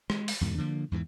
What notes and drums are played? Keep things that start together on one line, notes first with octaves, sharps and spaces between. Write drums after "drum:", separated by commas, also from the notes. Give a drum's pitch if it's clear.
G#3, drum: rim click
drum: open hi-hat
E2 G#2 B2 D3
D3 F3 A#3
E2 G#2 C#3 E3